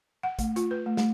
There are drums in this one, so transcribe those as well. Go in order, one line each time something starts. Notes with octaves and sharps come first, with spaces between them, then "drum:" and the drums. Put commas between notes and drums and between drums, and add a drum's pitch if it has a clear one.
F#5
A3, drum: kick A1, hi-hat
F4, drum: hi-hat
B4
A3
A3, drum: snare